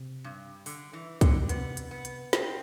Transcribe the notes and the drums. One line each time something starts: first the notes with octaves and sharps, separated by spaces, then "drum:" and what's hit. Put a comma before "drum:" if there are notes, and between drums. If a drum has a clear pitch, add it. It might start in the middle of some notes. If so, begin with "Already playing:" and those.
Already playing: C3
G2
D3, drum: open hi-hat
E3
D3, drum: kick, hi-hat
C3 B3, drum: hi-hat
drum: hi-hat
B3
drum: hi-hat
C4, drum: snare